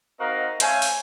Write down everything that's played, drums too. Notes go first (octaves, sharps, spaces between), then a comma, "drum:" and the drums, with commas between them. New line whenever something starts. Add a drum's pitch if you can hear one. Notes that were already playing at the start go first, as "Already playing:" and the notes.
C4 D#4 F#4 A#4 D#5 F5
A3 C#4 C5 F5 G#5, drum: hi-hat
drum: open hi-hat